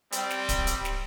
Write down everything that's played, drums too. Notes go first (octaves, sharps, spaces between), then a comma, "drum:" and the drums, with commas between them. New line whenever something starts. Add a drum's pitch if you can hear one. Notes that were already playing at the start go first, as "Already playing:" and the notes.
G3 C4, drum: hi-hat
drum: snare
drum: kick D1, hi-hat
drum: hi-hat
drum: snare